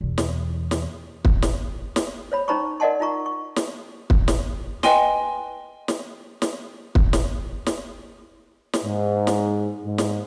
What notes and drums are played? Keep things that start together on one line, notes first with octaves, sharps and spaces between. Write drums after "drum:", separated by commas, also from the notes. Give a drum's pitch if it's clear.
E2 B2
drum: snare
drum: snare
drum: kick
drum: snare
drum: snare
C5 C#5 B5
C#4 D#4 C5 A#5 B5 C#6
A#4 D5 D#5 F#5 A5 C6
D#4 F4 A#5 C#6
C#6
drum: snare
drum: kick
drum: snare
B4 D#5 G5 G#5 C6, drum: snare
drum: snare
drum: snare
drum: kick
drum: snare
drum: snare
drum: snare
G#2
drum: snare
G#2
drum: snare